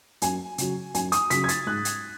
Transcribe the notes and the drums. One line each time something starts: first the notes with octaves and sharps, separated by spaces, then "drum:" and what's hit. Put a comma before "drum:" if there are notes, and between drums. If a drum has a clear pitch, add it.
F#2 G#5, drum: hi-hat
C#3 F#3, drum: hi-hat
F#2 G#5, drum: hi-hat
D#6, drum: hi-hat
C#3 F#3 B6, drum: hi-hat
G#6
A6, drum: hi-hat
G#2 F#6
drum: hi-hat